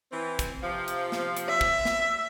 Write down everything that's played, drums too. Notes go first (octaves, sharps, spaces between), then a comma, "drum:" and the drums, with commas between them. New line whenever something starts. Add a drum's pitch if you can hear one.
E3 C4
drum: kick, hi-hat
C3 F3
drum: hi-hat
drum: snare
drum: hi-hat
E5
drum: kick
drum: snare